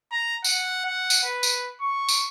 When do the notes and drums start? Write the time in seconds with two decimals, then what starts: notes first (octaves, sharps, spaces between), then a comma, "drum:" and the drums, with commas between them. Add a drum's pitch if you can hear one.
0.12 A#5
0.44 F#5, drum: tambourine
0.86 F#5
1.10 drum: tambourine
1.24 B4
1.43 drum: tambourine
1.82 C#6
2.09 drum: tambourine